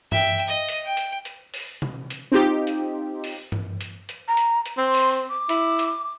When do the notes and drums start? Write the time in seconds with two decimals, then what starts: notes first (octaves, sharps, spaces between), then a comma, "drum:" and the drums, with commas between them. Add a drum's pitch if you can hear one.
0.12 E5 G5, drum: tom G2
0.48 D#5
0.69 drum: hi-hat
0.85 G5
0.97 drum: hi-hat
1.25 drum: hi-hat
1.54 drum: open hi-hat
1.82 drum: tom B2
2.10 drum: hi-hat
2.32 C4 D#4 F4 G4
2.67 drum: hi-hat
3.24 drum: open hi-hat
3.52 drum: tom G2
3.81 drum: hi-hat
4.09 drum: hi-hat
4.28 A#5
4.37 drum: hi-hat
4.66 drum: hi-hat
4.78 C4 C6
4.94 drum: open hi-hat
5.30 D6
5.49 E4, drum: hi-hat
5.79 drum: hi-hat